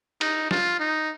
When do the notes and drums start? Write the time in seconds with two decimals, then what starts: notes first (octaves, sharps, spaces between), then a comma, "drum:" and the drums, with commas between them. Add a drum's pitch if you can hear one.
0.21 D#4, drum: cymbal
0.51 F4, drum: snare
0.80 D#4